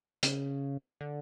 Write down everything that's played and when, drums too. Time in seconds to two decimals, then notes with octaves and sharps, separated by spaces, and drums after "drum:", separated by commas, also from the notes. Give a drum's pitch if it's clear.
0.23 C#3, drum: hi-hat
1.01 D3